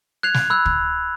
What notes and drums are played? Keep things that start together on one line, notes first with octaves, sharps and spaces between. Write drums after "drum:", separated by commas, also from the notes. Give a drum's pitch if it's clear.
F#6 G#6 C7 F7
drum: snare
B5 E6 F#6
drum: kick